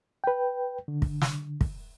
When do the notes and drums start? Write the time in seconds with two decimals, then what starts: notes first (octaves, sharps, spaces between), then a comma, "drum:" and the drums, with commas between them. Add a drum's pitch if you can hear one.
0.24 B4 G5
0.88 D3
1.02 drum: kick
1.22 drum: snare
1.61 drum: kick